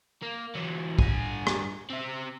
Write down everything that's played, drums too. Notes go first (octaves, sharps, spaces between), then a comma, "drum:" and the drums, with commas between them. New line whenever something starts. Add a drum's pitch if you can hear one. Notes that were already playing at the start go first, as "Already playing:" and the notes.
A#3
E3 F#3
G2 G#5, drum: kick
drum: rim click
C4 E5